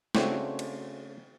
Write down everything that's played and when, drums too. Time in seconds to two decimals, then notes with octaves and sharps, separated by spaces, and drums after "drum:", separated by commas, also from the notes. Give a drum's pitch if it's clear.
0.15 C#3 A3 C4 D4 F#4 C5, drum: snare
0.59 drum: cymbal